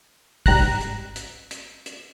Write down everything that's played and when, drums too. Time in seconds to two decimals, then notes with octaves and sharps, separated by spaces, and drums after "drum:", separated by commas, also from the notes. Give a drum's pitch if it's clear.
0.46 G#2 G3 A#5 F#6, drum: kick, open hi-hat
0.81 drum: hi-hat
1.16 drum: hi-hat
1.51 drum: hi-hat
1.86 drum: hi-hat